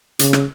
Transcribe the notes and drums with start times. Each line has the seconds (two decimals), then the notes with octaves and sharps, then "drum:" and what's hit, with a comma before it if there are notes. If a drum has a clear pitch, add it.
0.19 C#3, drum: hi-hat
0.33 drum: rim click